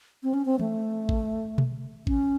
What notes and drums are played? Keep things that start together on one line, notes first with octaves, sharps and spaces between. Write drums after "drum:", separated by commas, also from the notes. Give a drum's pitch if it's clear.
C4
C#4
C4
A3, drum: tom
drum: kick
drum: tom B2
C#4, drum: kick